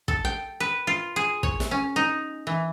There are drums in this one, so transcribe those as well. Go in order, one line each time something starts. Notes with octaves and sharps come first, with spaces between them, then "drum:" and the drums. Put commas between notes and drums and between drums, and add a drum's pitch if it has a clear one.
A4, drum: kick
G5
B4
F4
G#4
C#5, drum: kick
drum: snare
C#4
D#4
E3